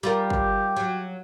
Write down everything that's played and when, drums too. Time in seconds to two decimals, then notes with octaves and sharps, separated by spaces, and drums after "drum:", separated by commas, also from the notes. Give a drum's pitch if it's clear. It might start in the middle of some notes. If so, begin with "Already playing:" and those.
0.03 G3 F4 G4 A#4
0.30 drum: kick
0.77 F#3